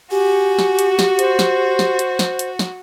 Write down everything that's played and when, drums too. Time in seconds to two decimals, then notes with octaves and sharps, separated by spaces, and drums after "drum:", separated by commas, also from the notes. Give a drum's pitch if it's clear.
0.11 F#4 G4 G#5
0.59 drum: snare
0.79 drum: hi-hat
0.99 drum: snare
1.19 C5, drum: hi-hat
1.39 drum: snare
1.79 drum: snare
1.99 drum: hi-hat
2.19 drum: snare
2.39 drum: hi-hat
2.59 drum: snare